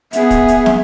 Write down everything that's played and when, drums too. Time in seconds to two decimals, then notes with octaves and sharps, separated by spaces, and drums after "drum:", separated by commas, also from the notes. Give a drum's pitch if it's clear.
0.13 B3 G#4 E5, drum: hi-hat
0.31 drum: kick, hi-hat
0.48 drum: hi-hat
0.66 drum: snare